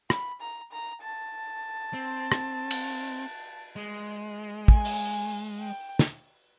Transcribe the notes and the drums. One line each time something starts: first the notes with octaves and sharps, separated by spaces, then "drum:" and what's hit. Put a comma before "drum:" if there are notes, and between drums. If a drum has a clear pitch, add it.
B5, drum: rim click
A#5
A#5
A5
C4
drum: rim click
drum: cymbal
G#3
G#5, drum: kick
drum: open hi-hat
G5
drum: snare